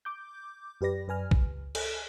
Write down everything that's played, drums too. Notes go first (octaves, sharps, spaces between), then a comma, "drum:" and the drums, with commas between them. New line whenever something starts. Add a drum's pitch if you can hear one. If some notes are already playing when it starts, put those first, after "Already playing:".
D6 G6
F#2 G4 B4 D5 A#6
F#2 B4 G#5 F6
C#2, drum: kick
A4 G#5, drum: cymbal